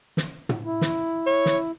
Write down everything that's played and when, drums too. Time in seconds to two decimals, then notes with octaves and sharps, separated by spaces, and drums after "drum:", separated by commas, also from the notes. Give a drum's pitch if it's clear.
0.17 drum: snare
0.49 drum: tom
0.65 E4
0.81 drum: snare
1.27 C#5
1.46 drum: snare